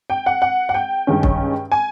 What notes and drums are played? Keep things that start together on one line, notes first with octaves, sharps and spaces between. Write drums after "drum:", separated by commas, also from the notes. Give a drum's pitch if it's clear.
G5
F#5
F#5
F#5
G5
G2 D#3 G#3 C#4
drum: kick
G#5